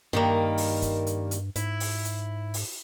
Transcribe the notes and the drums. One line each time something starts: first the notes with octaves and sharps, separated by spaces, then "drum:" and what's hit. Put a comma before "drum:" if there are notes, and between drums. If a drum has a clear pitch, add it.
G2 D#3 G3 A#3
drum: open hi-hat
drum: kick, hi-hat
drum: hi-hat
drum: hi-hat
G#2 E4, drum: hi-hat
drum: open hi-hat
drum: hi-hat
drum: open hi-hat